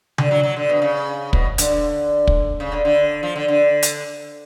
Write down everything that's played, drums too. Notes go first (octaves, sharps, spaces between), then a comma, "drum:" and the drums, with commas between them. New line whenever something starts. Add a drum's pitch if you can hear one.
D3, drum: tom C#3
F#3
F#3
D3
B2
C#3
B2, drum: kick
D3, drum: hi-hat
drum: kick
C#3
D3
D3
F3
D3
D3
drum: hi-hat